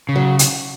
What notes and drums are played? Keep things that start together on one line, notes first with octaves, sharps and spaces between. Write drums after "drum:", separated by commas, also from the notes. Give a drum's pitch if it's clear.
C#3
F#3
drum: hi-hat